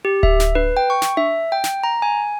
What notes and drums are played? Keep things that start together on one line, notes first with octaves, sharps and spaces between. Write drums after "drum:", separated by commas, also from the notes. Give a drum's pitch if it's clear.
G4
E5, drum: kick D1
drum: snare
B4, drum: tom D4
G5
C#6
drum: snare
E5, drum: tom D4
G5
drum: snare
A#5
G#5